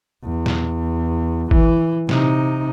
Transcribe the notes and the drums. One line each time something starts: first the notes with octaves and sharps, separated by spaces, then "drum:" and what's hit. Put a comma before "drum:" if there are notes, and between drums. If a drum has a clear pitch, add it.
E2
drum: snare
E3, drum: kick G#1
C3 D#4, drum: snare